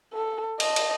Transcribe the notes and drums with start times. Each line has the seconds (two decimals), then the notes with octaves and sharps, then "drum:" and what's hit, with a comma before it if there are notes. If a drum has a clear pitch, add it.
0.13 A4
0.60 D#5 A5, drum: cymbal
0.76 drum: cymbal